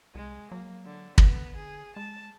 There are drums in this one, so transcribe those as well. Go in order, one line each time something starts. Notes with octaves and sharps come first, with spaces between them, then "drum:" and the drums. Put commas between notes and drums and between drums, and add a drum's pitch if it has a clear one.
C2 G#3
F#3 A#3
D3
D3 B3, drum: kick
G#4
G#3 A5